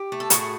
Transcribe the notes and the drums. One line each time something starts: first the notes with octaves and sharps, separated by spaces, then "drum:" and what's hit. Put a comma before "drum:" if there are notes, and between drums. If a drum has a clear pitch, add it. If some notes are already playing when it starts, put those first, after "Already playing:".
Already playing: G4
A3
A4
A2 F#4 G#4, drum: hi-hat